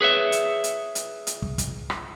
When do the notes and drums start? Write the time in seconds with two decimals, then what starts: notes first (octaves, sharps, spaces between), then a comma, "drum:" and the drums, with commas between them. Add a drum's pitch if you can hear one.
0.01 G#4 B4 C#5 E5
0.32 drum: hi-hat
0.64 drum: hi-hat
0.95 drum: hi-hat
1.27 drum: hi-hat
1.42 drum: kick
1.58 drum: kick, hi-hat
1.90 drum: rim click